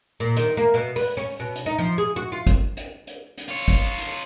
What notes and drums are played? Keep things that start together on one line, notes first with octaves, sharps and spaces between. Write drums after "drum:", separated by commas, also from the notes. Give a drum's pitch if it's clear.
A#2
D#3, drum: hi-hat
A#3
B2
B4, drum: open hi-hat
C#4
B2
drum: hi-hat
D#4
F3
G#4
F#4
F4
drum: kick, hi-hat
drum: hi-hat
drum: hi-hat
drum: hi-hat
F4 C#5
drum: kick, hi-hat
drum: hi-hat